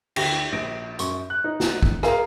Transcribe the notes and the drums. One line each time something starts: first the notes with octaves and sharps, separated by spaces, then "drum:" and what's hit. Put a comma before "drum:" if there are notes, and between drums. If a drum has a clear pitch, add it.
D2 G4 A#6, drum: cymbal
A#1 A#6 D7
F#2 C#6, drum: hi-hat
F#6
D#4
drum: snare
drum: kick
G#4 A#4 F5 G#5 A#5, drum: rim click